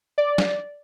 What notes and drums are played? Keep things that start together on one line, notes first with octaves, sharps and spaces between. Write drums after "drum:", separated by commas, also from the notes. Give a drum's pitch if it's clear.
D5
drum: snare